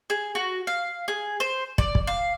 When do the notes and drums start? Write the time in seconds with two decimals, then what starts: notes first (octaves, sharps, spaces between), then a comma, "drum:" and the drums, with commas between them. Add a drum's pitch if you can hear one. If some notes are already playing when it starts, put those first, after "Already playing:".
0.10 G#4
0.35 F#4
0.67 F5
1.08 G#4
1.40 C5
1.78 D5, drum: kick
1.95 drum: kick
2.07 F5